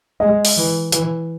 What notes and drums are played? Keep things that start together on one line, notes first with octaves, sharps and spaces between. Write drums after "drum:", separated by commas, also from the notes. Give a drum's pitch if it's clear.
G#3 D#5
drum: open hi-hat
E3
E3, drum: hi-hat